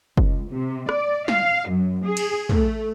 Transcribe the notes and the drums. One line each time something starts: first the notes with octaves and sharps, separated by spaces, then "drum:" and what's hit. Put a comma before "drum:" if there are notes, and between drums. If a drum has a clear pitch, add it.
C#2, drum: kick
C3
D5, drum: rim click
F5, drum: snare
F#2
G#4
drum: cymbal
A3, drum: tom